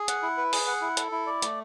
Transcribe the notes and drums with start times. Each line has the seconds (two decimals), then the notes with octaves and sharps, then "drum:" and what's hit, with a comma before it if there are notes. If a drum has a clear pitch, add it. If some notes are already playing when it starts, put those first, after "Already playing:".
Already playing: G#4
0.08 F#5, drum: hi-hat
0.23 E4
0.38 B4
0.53 G#4, drum: open hi-hat
0.67 F#5
0.82 E4
0.97 A4, drum: hi-hat
1.12 E4
1.27 D5
1.42 A3, drum: hi-hat